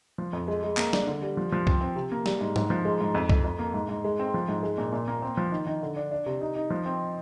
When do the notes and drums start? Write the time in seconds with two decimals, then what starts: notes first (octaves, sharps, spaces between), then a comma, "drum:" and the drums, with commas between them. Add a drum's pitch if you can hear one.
0.18 F3
0.33 F2
0.48 G#3
0.64 G#3
0.77 A#3, drum: clap
0.93 D4, drum: snare
1.08 D3
1.22 G3
1.37 F3
1.52 F3
1.67 C4, drum: kick C2
1.81 C4
1.96 C3
2.12 A#3
2.26 G3, drum: snare
2.41 G#2
2.56 G#2, drum: tom G#2
2.70 F3
2.85 G#3
3.01 G#2
3.15 F2
3.29 F2, drum: kick C2
3.44 F2
3.59 A#3
3.74 G#2
3.89 G#2
4.04 G#3
4.19 C4
4.34 F3
4.48 G#2
4.63 G#3
4.78 A#2
4.93 A#2
5.08 A#3
5.22 C4
5.37 F3
5.52 D#3
5.67 D#3
5.82 D3
5.96 D4
6.11 D4
6.26 C3
6.41 D#4
6.56 D#4
6.70 F3
6.86 C4